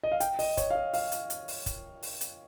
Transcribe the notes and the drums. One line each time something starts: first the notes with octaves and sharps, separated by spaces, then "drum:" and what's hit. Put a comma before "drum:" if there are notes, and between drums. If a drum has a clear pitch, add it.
D#5
F5
G5, drum: hi-hat
D#5, drum: open hi-hat
C#5, drum: kick, hi-hat
F5
D#5
F5, drum: open hi-hat
drum: hi-hat
drum: hi-hat
drum: open hi-hat
drum: kick, hi-hat
drum: open hi-hat
drum: hi-hat